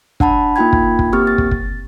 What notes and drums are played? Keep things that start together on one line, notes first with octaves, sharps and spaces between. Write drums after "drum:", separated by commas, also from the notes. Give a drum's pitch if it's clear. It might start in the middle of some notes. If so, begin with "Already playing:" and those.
D4 F#5 A5 B5, drum: kick
A#3 D#4 F4 G5 B5 G#6
drum: kick
drum: kick
A#3 C4 G4 C#6 F6
A6
drum: kick
drum: kick